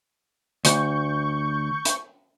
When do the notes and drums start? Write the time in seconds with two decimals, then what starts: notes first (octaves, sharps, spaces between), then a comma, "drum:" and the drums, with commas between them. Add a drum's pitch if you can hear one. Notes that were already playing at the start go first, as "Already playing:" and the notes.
0.65 D2 C#6 G6, drum: hi-hat
1.85 drum: hi-hat